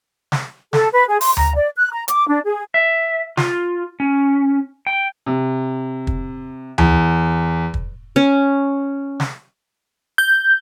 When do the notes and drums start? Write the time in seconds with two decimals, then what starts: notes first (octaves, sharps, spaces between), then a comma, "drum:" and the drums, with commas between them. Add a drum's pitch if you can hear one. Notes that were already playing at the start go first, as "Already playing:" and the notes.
0.32 drum: snare
0.73 A4, drum: snare
0.93 B4
1.08 G#4
1.21 C6, drum: open hi-hat
1.37 A#5, drum: tom D2
1.56 D5
1.76 F#6
1.92 A#5
2.08 D6, drum: hi-hat
2.28 D4
2.44 G#4
2.74 E5
3.37 F4, drum: snare
4.00 C#4
4.87 G5
5.26 C3
6.07 drum: kick
6.78 E2, drum: tom D2
7.74 drum: kick
8.16 C#4
9.20 drum: snare
10.18 G6